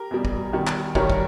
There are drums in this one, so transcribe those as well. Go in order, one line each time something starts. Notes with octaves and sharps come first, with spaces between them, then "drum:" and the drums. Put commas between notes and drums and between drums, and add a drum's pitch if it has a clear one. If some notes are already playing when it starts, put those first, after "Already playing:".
Already playing: G4 A#4
E2 B2 G3
drum: kick
E2 D#3 G3
drum: clap
G2 D#3 G3 A#4 C#5, drum: kick
drum: kick